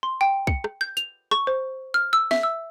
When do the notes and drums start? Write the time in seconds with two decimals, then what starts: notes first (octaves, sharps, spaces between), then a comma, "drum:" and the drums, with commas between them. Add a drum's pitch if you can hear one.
0.03 C6
0.21 G5
0.47 C#7, drum: kick
0.64 drum: rim click
0.81 G6
0.97 F7, drum: hi-hat
1.31 C#6, drum: rim click
1.47 C5
1.94 F6
2.13 E6
2.31 E5, drum: snare
2.43 E6